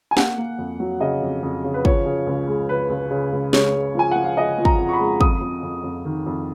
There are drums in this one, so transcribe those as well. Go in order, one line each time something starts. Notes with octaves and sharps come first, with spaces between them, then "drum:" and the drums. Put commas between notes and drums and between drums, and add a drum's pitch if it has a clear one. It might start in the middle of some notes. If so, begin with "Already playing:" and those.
G#5
A#3 F#5, drum: snare
A#3
F2
F#3
C#3 D#5
F2
F2
C#3
B4
F3 C#5, drum: kick
C#3
C#2
G#3
C#3 B4
C#2
C#3
C#2
G#3 C#5, drum: snare
G#3
F3 G#5
F3 F#5
F5
G#3 D#5
F3
A#5, drum: kick
F2
C#6
B5
G#3
F2 D#6, drum: kick
F2
F2
F2
D#3
F2